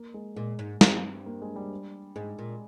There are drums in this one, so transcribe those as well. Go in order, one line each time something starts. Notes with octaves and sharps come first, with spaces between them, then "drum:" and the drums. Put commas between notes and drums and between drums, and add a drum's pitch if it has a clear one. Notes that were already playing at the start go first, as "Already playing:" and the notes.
Already playing: A#3
G#3
A#2 G#3
G#2
G2 C4, drum: snare
A#3
G#3
G3
G#2 G#3
A#2